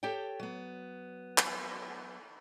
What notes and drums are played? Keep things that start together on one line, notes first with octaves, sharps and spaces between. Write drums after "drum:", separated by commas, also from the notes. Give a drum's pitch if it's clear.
G4 A4 C#5 G5
F#3 B3
drum: clap